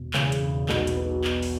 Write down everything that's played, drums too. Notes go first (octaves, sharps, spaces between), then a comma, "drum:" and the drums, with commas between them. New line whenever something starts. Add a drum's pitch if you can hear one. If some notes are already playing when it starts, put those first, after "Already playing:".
Already playing: E1 B2
E2 C#3, drum: clap
drum: hi-hat
E1
B1 B2, drum: clap
drum: hi-hat
B3
drum: clap
drum: open hi-hat